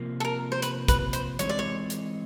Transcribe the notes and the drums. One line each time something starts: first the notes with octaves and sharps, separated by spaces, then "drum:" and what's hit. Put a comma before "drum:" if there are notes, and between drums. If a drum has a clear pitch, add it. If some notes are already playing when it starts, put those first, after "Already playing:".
Already playing: C3 F3 A#3
A4
A#4
C5
B4, drum: hi-hat
B4, drum: kick, hi-hat
C5, drum: hi-hat
E3 G#3 C4 D#4 C#5, drum: hi-hat
D5
C#5
drum: hi-hat